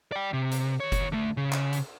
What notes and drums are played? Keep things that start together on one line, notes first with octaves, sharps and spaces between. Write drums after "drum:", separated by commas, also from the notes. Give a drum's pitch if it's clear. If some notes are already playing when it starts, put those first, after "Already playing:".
D5 G5
C3
drum: hi-hat
D#3 C#5
drum: kick F#1, hi-hat
D3 A3
C#3
drum: clap
drum: hi-hat